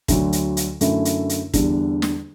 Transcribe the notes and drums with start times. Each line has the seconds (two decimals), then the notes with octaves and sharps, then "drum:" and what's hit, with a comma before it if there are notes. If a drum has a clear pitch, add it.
0.08 D2 D3 F#3, drum: kick, hi-hat
0.33 drum: hi-hat
0.57 drum: hi-hat
0.81 F#2 D3 A3 E4, drum: hi-hat
1.05 drum: hi-hat
1.29 drum: hi-hat
1.54 E2 D3 G3 D4, drum: kick, hi-hat
2.02 drum: snare